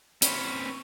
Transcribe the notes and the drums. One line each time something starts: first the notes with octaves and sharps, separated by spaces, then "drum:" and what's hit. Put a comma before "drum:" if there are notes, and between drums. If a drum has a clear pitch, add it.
C4 C#4 B4 C#5, drum: hi-hat